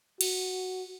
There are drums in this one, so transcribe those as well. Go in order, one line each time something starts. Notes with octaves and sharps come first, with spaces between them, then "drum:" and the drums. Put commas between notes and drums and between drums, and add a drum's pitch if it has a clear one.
F#4, drum: cymbal